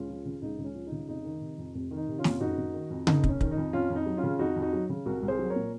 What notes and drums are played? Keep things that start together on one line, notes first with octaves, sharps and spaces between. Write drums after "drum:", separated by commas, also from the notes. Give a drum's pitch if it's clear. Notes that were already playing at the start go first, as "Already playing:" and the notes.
Already playing: C#2 C#4 F4
F3
C#3
C#2 D#4
C#2
C#4
F3
D#4
C#3
F1 D#4
D#3
C3
F2
F1
D#3
D#4
C3
C#4 F4
F2, drum: snare
F#1 D#4 F#4
F#1
D#3
F2
F#1 D#4, drum: tom C#3
F#1, drum: kick
C#4
D#3, drum: kick
D#4
F2
F2 C#4 F4
F2
D#4
F#3
C#4 F4
C#3
F2 D#4 F#4
F2
D#4 F#4
F#3
C#3
C2 F#4 A#4
C2
G#4 C5
F#3
A#4 C#5
A#2